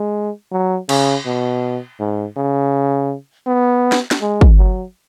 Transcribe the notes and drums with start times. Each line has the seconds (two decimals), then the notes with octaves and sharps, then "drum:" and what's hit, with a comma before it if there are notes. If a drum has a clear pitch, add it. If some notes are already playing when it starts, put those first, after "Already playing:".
Already playing: G#3
0.52 F#3
0.89 C#3, drum: cymbal
1.26 B2
2.00 G#2
2.37 C#3
3.47 B3
3.92 drum: snare
4.11 drum: snare
4.21 G#3
4.41 drum: kick
4.58 F#3